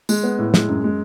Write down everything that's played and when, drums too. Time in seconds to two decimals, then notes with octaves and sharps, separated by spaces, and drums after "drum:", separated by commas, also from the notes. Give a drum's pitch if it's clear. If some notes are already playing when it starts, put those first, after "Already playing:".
0.09 G#3, drum: tambourine
0.23 B3
0.39 A2
0.54 G#3, drum: snare
0.69 F#2
0.84 G#3